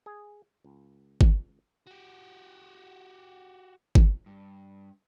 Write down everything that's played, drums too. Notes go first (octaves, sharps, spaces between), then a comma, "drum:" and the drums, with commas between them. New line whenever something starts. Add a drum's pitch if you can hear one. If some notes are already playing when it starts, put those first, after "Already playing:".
G#4
C#2
drum: kick G1
F#4 G4
drum: kick G1
G2